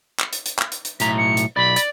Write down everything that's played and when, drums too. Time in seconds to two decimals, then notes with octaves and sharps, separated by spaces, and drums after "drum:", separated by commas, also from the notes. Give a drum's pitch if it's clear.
0.20 drum: clap
0.33 drum: hi-hat
0.46 drum: hi-hat
0.59 drum: clap
0.72 drum: hi-hat
0.85 drum: hi-hat
1.00 B1 A2 A#5 B6, drum: hi-hat
1.18 C#7
1.37 drum: hi-hat
1.56 B1 D5 B5
1.76 D5, drum: hi-hat